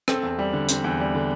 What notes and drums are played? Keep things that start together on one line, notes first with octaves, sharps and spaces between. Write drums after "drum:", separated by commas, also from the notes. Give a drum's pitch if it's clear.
C4 A4, drum: rim click
E2
G3
D3
C4, drum: hi-hat
E2
G3
D3